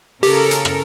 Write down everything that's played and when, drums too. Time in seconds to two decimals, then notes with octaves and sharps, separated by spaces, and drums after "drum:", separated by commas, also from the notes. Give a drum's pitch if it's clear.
0.23 C#3 G4 A4 A#4, drum: open hi-hat
0.51 drum: hi-hat
0.65 drum: rim click